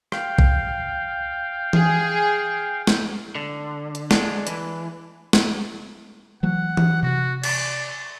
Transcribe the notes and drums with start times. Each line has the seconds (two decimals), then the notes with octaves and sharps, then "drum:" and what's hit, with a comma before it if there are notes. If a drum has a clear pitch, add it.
0.12 F5 G5, drum: rim click
0.38 drum: kick
1.73 G#4, drum: tom E3
2.87 drum: snare
3.35 D3
3.95 drum: hi-hat
4.11 G#3 D4, drum: snare
4.47 E3, drum: hi-hat
5.33 drum: snare
6.43 E3 F#3 A3 F#5
6.77 drum: tom E3
7.03 C3 F#4
7.44 D5, drum: cymbal